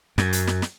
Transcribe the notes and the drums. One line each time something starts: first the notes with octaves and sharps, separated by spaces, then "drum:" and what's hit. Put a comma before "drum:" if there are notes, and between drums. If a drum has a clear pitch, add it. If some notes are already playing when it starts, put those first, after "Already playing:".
F#2, drum: snare
drum: hi-hat
drum: snare
drum: snare